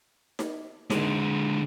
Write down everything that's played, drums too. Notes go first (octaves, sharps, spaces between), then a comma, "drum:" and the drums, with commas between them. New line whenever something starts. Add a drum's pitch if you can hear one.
drum: snare D#4
D3 G#3, drum: snare D#4